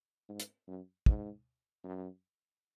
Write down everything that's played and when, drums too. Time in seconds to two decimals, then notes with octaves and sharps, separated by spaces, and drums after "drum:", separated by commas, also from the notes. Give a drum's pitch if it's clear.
0.29 G#2
0.40 drum: hi-hat
0.68 F#2
1.06 G#2, drum: kick
1.84 F#2